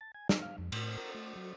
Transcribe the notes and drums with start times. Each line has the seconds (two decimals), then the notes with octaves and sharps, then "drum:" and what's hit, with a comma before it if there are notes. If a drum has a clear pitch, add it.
0.01 A5
0.15 G#5
0.29 D6, drum: snare
0.42 F5
0.58 F2
0.72 A2, drum: cymbal
0.98 A#4
1.15 A3
1.35 F#3